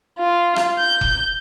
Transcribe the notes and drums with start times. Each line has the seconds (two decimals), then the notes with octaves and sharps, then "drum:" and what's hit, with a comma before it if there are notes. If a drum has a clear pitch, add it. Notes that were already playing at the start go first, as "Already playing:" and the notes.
0.19 F4
0.56 drum: rim click
0.79 G6
1.01 drum: kick F1